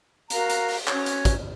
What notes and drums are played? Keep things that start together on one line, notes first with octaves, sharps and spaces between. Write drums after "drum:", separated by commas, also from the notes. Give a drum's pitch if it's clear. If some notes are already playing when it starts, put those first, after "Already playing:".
F#4 A#4 F5 A#5, drum: hi-hat
drum: hi-hat
drum: open hi-hat
C#4 F#4 C#5, drum: clap
drum: hi-hat
drum: kick, hi-hat